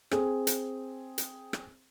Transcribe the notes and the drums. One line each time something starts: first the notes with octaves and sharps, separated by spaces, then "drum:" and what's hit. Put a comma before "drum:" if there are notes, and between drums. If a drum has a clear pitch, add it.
C4 G#4, drum: rim click
drum: hi-hat
drum: hi-hat
drum: rim click